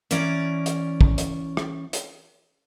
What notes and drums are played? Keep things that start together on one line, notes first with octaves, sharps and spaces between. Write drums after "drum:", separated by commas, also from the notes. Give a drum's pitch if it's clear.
E3 C#4 A#4 D5, drum: hi-hat
drum: hi-hat
drum: kick
drum: hi-hat
drum: rim click
drum: hi-hat